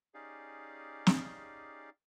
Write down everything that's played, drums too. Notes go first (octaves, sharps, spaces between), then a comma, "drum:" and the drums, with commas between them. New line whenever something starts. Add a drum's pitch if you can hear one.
C#4 D#4 G4 G#4 D5 F5
drum: snare